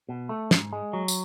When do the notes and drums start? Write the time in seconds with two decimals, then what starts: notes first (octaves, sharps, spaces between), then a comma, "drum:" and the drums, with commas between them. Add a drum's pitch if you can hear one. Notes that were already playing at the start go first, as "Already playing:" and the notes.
0.09 B2
0.29 A3
0.51 G#2, drum: snare
0.73 G#3
0.93 F#3
1.08 drum: tambourine